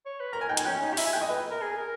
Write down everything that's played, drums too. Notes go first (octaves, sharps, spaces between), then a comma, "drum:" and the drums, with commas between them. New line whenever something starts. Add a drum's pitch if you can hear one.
C#5
B4
A#4 A#5
G#5
D#4 G5
G#5, drum: hi-hat
C#4 G5
D#4
G4
E4 E5, drum: open hi-hat
G#5
G5
D#5
B4
A#4
G#4
A#4